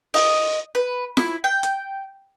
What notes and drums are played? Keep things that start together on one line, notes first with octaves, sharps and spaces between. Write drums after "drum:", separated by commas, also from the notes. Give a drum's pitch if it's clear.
D#5, drum: open hi-hat
B4
E4, drum: snare F4
G5
drum: hi-hat